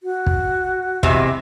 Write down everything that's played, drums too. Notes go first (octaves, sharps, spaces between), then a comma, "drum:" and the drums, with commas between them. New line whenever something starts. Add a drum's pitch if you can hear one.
F#4
drum: kick
E2 C3 G#3, drum: kick